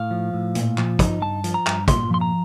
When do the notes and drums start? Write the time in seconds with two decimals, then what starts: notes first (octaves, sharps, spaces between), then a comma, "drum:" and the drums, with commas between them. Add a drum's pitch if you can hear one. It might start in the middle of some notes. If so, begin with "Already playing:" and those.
Already playing: A2 F5
0.11 F3
0.34 A2
0.55 A#2, drum: hi-hat
0.78 F3, drum: clap
0.99 D#4, drum: kick, hi-hat
1.22 G2 A5
1.44 F3, drum: hi-hat
1.54 A#5
1.67 G2, drum: clap
1.88 A#2 C6, drum: kick, hi-hat
2.10 F3 C6
2.21 A#5